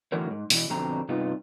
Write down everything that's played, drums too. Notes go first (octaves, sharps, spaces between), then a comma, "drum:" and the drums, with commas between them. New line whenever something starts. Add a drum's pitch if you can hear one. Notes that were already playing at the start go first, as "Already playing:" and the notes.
A2 D3 E3 F#4 A#4 C#5
G#2
B2 E3, drum: open hi-hat
F2 B2 D3 C4 A#5
G2 C3 B3 D#4 F4